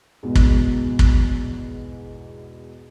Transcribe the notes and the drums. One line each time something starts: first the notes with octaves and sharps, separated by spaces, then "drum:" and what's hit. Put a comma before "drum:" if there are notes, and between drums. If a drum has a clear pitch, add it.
E2 G#2 B2
drum: kick
drum: kick